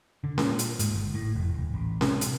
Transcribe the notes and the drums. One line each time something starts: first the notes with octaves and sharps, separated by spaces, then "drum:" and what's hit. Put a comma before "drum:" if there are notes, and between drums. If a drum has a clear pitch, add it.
D3
A#2, drum: snare C#4
drum: hi-hat
G#2, drum: hi-hat
G1
A2
F1
D#1
A1
C3, drum: snare C#4
drum: hi-hat